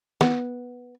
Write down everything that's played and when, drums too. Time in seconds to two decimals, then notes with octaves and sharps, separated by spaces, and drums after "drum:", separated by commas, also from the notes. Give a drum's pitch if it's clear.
0.21 B3, drum: snare